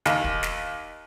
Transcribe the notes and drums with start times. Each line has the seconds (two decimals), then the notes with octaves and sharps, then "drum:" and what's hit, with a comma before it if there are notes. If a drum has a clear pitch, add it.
0.06 D#2, drum: snare
0.24 drum: kick
0.43 drum: snare